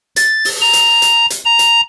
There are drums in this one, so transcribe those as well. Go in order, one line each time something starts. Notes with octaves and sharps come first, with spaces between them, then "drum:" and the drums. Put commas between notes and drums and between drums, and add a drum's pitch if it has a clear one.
A6, drum: hi-hat
drum: open hi-hat
A#5
drum: hi-hat
drum: hi-hat
drum: hi-hat
A#5
drum: hi-hat